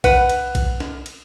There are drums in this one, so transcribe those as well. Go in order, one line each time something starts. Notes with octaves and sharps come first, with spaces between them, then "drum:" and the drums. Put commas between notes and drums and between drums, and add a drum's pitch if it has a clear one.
B4 F#5, drum: kick B1, cymbal
drum: cymbal
drum: kick B1, cymbal
drum: snare
drum: cymbal